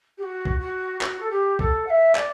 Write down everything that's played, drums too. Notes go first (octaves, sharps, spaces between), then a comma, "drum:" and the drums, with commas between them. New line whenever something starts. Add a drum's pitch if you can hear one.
G4
F#4
drum: kick B1
F#4
F#4, drum: clap
A4
G4
A4, drum: kick B1
F#5
E5
D5, drum: clap